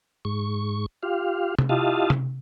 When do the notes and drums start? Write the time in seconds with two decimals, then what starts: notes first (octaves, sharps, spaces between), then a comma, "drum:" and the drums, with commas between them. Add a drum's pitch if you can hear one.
0.25 G#2 C#6
1.03 F4 G4 F5
1.59 drum: tom C3
1.69 E4 F4 G4 D#5 F5 A5
2.10 drum: tom C3